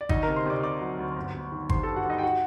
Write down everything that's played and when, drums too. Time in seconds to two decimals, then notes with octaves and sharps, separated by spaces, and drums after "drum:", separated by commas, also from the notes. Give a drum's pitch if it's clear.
0.01 D5
0.09 D2 D#4 D#5, drum: kick G#1
0.23 C3 A#4 A#5
0.36 C5 C6
0.45 C3 D5 D6
0.63 C3 D5 D6
0.81 F#3
0.99 D2
1.16 G1
1.34 G1
1.52 D#3
1.69 G2 C5 C6, drum: kick G#1
1.83 G2 A4 A5
1.96 F#4 F#5
2.05 G2 D#4 D#5
2.18 G5
2.23 F#4 F#5